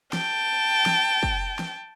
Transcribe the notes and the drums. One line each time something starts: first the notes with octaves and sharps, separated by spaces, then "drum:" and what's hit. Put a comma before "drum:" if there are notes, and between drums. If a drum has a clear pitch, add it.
G5 A5, drum: snare
drum: snare
drum: kick
drum: snare